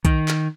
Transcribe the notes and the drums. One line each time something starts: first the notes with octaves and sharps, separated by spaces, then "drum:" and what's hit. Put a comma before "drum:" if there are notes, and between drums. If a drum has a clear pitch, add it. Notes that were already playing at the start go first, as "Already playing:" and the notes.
D#3, drum: kick B1, hi-hat
drum: clap